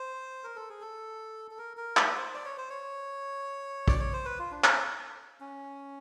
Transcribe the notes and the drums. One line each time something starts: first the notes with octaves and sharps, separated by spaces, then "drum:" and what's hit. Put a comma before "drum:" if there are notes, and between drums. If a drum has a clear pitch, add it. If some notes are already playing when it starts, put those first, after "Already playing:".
Already playing: C5
A#4
A4
G#4
A4
A4
A#4
A#4
B4, drum: clap
C5
D5
C#5
C5
C#5
D5, drum: kick
C#5
C5
B4
F4
D4
drum: clap
C#4